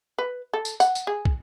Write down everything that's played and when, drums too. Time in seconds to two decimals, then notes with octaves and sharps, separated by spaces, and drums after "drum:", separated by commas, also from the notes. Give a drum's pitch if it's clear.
0.18 B4
0.53 A4
0.65 drum: tambourine
0.80 F#5, drum: tambourine
0.95 drum: tambourine
1.07 G#4
1.25 drum: kick